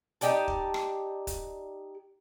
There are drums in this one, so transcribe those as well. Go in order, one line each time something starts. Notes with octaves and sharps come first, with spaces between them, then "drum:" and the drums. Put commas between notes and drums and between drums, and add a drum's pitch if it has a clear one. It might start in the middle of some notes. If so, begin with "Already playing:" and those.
D#4 G4 D5 A5, drum: hi-hat
drum: kick
drum: rim click
drum: kick, hi-hat